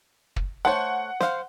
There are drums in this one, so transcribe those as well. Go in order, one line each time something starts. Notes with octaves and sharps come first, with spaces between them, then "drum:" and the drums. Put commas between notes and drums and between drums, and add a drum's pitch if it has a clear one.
drum: kick
A3 C5 C#5 F#5
C5 F5, drum: snare